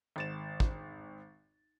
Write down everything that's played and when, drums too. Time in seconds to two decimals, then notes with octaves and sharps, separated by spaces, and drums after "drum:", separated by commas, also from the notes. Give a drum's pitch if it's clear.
0.16 G#1 A6 E7
0.60 drum: kick